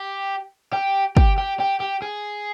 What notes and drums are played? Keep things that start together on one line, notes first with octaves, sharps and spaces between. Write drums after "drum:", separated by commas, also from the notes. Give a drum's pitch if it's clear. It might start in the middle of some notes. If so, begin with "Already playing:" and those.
Already playing: G4
G4
G4, drum: kick
G4
G4
G4
G#4